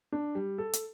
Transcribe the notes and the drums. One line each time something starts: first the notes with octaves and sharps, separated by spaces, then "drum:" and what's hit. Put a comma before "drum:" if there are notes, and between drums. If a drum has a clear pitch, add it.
D4
G3
A4
drum: hi-hat